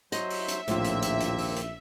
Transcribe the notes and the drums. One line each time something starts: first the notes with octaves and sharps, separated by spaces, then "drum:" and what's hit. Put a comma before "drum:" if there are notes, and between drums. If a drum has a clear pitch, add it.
F#3 C5 D#5 E5, drum: hi-hat
drum: open hi-hat
drum: hi-hat
A#1 D#2 A2 A#3 C4 F4, drum: hi-hat
drum: hi-hat
drum: hi-hat
drum: hi-hat
drum: open hi-hat
drum: hi-hat